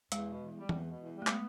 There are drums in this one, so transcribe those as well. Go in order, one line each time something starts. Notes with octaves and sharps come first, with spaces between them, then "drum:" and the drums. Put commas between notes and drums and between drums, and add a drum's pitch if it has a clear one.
E2 G#3, drum: hi-hat
B2
E2
G3
E2, drum: tom E3
B2
E2
G3
A3
G#3 B3, drum: clap